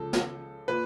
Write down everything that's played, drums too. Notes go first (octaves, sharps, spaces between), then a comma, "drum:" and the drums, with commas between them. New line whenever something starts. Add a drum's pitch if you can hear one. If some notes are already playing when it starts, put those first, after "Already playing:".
Already playing: C#2 C#3 F3 A4
drum: snare
A#2 B4